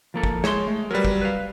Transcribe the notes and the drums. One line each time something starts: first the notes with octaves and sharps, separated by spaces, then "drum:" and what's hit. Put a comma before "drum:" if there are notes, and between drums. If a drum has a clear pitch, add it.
F3 A#3 A4
drum: kick
G#3 C#5 C6, drum: snare
A3
F#3 G3 A#4 B4
drum: kick
B4 F5